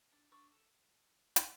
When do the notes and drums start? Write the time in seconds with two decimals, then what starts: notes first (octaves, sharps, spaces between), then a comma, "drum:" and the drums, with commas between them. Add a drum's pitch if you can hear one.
0.12 D4
0.31 D4 C#6 E6
0.52 A4
1.36 drum: hi-hat